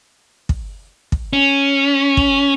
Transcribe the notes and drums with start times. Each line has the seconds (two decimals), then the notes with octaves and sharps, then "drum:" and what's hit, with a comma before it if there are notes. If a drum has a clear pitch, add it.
0.49 drum: kick
1.12 drum: kick
1.33 C#4
2.17 drum: kick